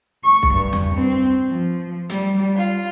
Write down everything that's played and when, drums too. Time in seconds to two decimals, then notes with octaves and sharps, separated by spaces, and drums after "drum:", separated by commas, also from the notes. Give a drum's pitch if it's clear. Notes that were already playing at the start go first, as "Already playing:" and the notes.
0.23 C#6
0.43 drum: kick B1
0.55 G2
0.73 drum: tom E2
0.94 C4
1.49 F3
2.10 G3, drum: hi-hat
2.55 F4